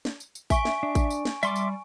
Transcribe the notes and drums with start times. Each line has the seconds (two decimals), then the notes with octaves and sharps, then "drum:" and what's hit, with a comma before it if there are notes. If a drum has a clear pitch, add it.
0.05 drum: snare
0.20 drum: tambourine
0.35 drum: tambourine
0.50 E5 G#5 C#6 D7, drum: kick A1, tambourine
0.65 drum: snare
0.83 D4
0.95 drum: kick A1, tambourine
1.10 drum: tambourine
1.25 drum: snare
1.43 G3 E5 C6 D6, drum: tambourine
1.55 drum: tambourine